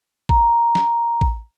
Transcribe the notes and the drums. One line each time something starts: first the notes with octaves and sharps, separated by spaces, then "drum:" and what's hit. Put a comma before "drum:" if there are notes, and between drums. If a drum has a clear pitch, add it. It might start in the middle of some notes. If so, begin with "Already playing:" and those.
A#5, drum: kick
drum: snare
drum: kick